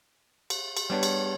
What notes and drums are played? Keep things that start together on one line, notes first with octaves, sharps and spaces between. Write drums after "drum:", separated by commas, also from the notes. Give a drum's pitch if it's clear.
drum: cymbal
drum: cymbal
G3 B3 D4 C#5
drum: cymbal